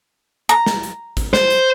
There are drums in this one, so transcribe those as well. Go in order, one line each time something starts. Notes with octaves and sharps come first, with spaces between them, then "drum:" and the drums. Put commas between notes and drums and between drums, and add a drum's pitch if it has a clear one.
A#5
drum: snare
drum: hi-hat
drum: kick, hi-hat
C5, drum: snare
drum: hi-hat